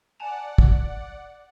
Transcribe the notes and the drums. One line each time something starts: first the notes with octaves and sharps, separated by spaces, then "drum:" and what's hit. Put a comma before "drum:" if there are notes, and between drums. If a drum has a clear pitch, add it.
D5 F#5 G#5 A5 F7
drum: kick